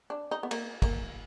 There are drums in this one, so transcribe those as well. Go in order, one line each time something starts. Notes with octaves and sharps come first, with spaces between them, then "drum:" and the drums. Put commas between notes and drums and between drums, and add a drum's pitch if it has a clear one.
D4
D#4
B3
A#3, drum: cymbal
A#3, drum: kick, cymbal